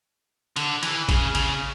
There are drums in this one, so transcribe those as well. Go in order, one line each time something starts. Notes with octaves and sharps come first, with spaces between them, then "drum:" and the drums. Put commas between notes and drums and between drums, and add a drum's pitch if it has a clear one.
D3, drum: cymbal
E3, drum: cymbal
C#3, drum: kick A1, cymbal
C#3, drum: cymbal